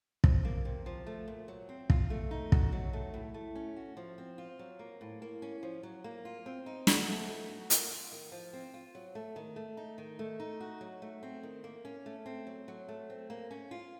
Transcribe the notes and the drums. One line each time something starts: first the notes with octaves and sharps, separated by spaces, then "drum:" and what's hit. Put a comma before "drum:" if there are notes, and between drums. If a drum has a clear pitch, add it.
F3, drum: kick
A#3
C3
F3
A3
A#2
F#3
C4
F4, drum: kick
A3
D#4
F#4, drum: kick
F#3
A3
A2
A3
C#4
F#4
F3
C4
F4
F#3
A#3
A2
A#3
C#4
F3
F#3
A#3
F4
C4
D#4
F#4, drum: snare
A3
D#4
F#4
A#3, drum: hi-hat
F4
D#3
F3
C4
F4
F#3
A3
D#3
A3
D#4
D#3
A3
D#4
F#4
F#3
A3
C4
D#3
A#3
C#4
A3
C4
F#3
F#3
A3
C4
A#3
C#4
F4